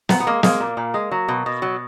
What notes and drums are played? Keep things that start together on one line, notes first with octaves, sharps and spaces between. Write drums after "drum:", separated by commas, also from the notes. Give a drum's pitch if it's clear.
A#2 B3, drum: snare
B3
G#3 A#3
G#3 A#3, drum: snare
A#2
A#2
G#3
F#3
B2
B2
F#3